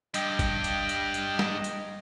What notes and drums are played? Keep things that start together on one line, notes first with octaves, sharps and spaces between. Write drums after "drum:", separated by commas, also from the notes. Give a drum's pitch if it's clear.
G2 D#5 G5, drum: hi-hat
drum: kick G1, hi-hat
drum: hi-hat
drum: hi-hat
drum: hi-hat
drum: snare
drum: hi-hat